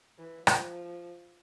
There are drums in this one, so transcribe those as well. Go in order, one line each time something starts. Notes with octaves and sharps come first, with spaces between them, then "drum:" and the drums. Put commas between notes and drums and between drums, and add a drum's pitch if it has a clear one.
E3
F3, drum: rim click